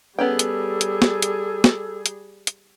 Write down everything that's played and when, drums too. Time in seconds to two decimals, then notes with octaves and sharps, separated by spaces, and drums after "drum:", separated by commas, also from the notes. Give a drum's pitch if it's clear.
0.19 G3 B3 C#4 G#4 A4 G5
0.39 drum: hi-hat
0.81 drum: hi-hat
1.02 drum: snare
1.22 drum: hi-hat
1.64 drum: snare
2.06 drum: hi-hat
2.47 drum: hi-hat